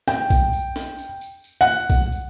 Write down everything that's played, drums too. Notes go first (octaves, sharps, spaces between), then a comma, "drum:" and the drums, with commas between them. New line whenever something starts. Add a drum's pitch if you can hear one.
G5, drum: snare
drum: kick, tambourine
drum: tambourine
drum: snare
drum: tambourine
drum: tambourine
drum: tambourine
F#5
drum: kick, tambourine
drum: tambourine